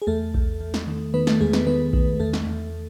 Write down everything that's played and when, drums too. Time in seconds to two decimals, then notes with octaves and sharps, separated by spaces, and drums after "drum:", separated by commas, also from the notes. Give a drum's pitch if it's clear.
0.02 G#4
0.07 E2 A3 A4
0.34 E2, drum: kick A#1
0.60 E2
0.74 drum: snare
0.87 D#3
1.14 D#3 B3 B4
1.27 A3 A4, drum: snare
1.40 E2 G#3 G#4
1.53 B3 B4, drum: snare
1.67 D#3 B3 B4
1.93 D#3, drum: kick A#1
2.20 E2 A3 A4
2.33 drum: snare
2.47 E2